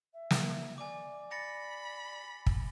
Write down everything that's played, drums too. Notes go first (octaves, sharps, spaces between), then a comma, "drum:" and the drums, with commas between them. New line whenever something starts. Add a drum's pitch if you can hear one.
E5
drum: snare
D5 G#5 D6
B5 A6 A#6 C#7
drum: kick